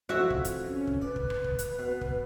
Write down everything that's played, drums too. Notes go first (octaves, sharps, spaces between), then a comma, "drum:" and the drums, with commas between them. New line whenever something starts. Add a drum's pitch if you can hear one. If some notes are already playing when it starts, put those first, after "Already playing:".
F2 E3 E4 F#4 E5
drum: kick
drum: hi-hat
C#4
drum: kick
B4 D5
drum: kick
drum: rim click
drum: kick
drum: hi-hat
B2
drum: kick